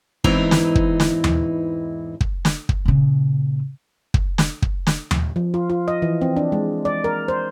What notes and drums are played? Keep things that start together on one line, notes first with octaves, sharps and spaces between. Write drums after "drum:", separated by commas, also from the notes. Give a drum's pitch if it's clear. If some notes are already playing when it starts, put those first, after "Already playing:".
E2 G#2 E3 C4 D#4 A#5, drum: kick
drum: snare
drum: kick
drum: snare
drum: tom D#2
drum: kick
drum: snare
drum: kick
A#2 C#3
drum: kick
drum: snare
drum: kick
drum: snare
drum: tom D#2
F3
F4
F4
D#5
E3
C4
D4
G#3
D5
A#4
C5